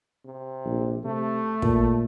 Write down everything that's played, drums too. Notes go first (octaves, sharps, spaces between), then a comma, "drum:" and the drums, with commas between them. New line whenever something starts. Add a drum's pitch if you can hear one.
C3
A#1
C3 A3
A#2, drum: kick